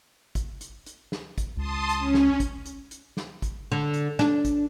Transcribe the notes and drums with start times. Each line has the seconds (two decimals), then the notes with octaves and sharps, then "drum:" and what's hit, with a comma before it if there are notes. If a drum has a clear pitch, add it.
0.35 drum: kick, hi-hat
0.61 drum: hi-hat
0.86 drum: hi-hat
1.12 drum: snare
1.38 drum: kick, hi-hat
1.57 C#2 A5 C6 D#6
1.89 drum: hi-hat
1.98 C#4
2.14 drum: snare
2.40 drum: kick, hi-hat
2.66 drum: hi-hat
2.91 drum: hi-hat
3.17 drum: snare
3.42 drum: kick, hi-hat
3.72 D3
3.94 drum: hi-hat
4.19 D4, drum: snare
4.45 drum: kick, hi-hat